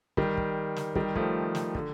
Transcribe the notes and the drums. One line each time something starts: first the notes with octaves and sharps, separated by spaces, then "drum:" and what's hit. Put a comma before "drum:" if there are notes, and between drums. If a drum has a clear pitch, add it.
D#3 G3, drum: kick
drum: kick
drum: snare
D#3 G3, drum: kick
F3 A3, drum: kick
drum: snare
D3, drum: kick